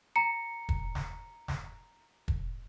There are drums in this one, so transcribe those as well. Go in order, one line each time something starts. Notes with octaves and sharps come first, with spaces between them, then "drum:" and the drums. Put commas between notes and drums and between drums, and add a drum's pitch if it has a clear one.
A#5 C#7
drum: kick
drum: snare
drum: snare
drum: kick